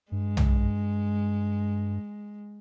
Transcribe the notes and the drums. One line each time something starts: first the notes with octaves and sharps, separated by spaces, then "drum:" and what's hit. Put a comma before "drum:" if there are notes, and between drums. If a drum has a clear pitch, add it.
G2 G#3
drum: tom B1